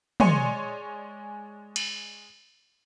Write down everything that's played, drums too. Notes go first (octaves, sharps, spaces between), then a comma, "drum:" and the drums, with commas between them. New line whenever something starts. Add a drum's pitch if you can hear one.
G#3 C#5 D5 G#5 C6 C#7, drum: tom
drum: cymbal